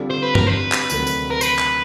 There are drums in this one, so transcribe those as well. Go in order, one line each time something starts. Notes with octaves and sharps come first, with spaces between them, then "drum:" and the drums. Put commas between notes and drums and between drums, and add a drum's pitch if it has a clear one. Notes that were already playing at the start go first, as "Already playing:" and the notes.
Already playing: D3 G3 C4 F4 A4
C5
B4
A#4, drum: tom
B4
drum: clap
D2 C3 D#3 F#3 A3, drum: tambourine
drum: tambourine
A#4
B4, drum: tambourine
drum: clap